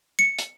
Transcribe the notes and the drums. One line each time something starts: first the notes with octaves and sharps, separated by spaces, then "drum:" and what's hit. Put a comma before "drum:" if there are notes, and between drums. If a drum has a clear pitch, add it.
C#7
drum: hi-hat